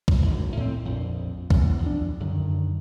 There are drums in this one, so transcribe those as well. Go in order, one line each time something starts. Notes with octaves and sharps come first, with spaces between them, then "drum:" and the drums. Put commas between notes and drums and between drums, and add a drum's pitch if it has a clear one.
drum: kick C2
G#1 D2
A2 C4
A#1 F2
E2, drum: kick C2
F2 D4
F#2 D3 D#3